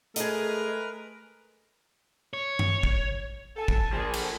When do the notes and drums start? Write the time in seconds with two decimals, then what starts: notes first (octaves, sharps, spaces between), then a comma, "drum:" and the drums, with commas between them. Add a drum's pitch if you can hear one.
0.16 G#3 A3 G#4 A#4 B4 D#5, drum: hi-hat
2.33 C#5
2.59 drum: tom G2
2.83 drum: kick
3.56 A4 G#5 A5
3.68 drum: kick
3.93 F3 A#3 G#4
4.13 drum: cymbal